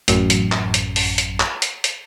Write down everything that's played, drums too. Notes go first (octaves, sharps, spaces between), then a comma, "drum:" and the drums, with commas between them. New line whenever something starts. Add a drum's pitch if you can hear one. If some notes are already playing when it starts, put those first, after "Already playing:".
A1 F#2, drum: hi-hat
drum: hi-hat
drum: clap
drum: hi-hat
drum: open hi-hat
drum: hi-hat
drum: clap
drum: hi-hat
drum: hi-hat